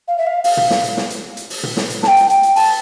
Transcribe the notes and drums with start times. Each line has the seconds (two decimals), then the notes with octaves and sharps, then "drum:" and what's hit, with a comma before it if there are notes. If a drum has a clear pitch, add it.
0.08 F5
0.18 E5
0.27 F5
0.44 F5, drum: open hi-hat
0.57 drum: tom A#2
0.70 drum: snare
0.84 drum: hi-hat
0.97 drum: snare
1.10 drum: hi-hat
1.37 drum: hi-hat
1.50 drum: open hi-hat
1.63 drum: tom A#2
1.77 drum: snare
1.90 drum: hi-hat
2.03 A5, drum: snare
2.07 G5
2.17 drum: hi-hat
2.30 drum: hi-hat
2.43 drum: hi-hat
2.56 A5, drum: open hi-hat